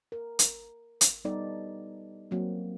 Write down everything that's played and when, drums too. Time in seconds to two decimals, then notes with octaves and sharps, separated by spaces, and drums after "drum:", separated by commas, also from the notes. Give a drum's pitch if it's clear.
0.12 A#4
0.39 drum: hi-hat
1.01 drum: hi-hat
1.25 G3 B3 D#4 A4 D5
2.31 F#3 A#3 C4